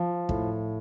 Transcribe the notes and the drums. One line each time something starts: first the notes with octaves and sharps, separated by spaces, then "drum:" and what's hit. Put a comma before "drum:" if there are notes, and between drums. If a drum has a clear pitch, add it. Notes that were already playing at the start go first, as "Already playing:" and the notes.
Already playing: F3
A2, drum: kick